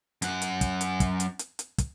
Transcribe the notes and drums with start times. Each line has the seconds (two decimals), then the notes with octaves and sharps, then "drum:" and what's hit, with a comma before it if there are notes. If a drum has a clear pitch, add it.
0.22 F#2 F#5, drum: hi-hat
0.42 drum: hi-hat
0.61 drum: kick, hi-hat
0.81 drum: hi-hat
1.00 drum: kick, hi-hat
1.20 drum: hi-hat
1.39 drum: hi-hat
1.59 drum: hi-hat
1.78 drum: kick, hi-hat